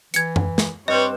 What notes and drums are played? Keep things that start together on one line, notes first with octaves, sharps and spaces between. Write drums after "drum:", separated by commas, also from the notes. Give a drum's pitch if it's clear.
E3 G#6 C#7, drum: hi-hat
drum: tom F#2
drum: snare
G2 G3 C4 C5 C#5 D#5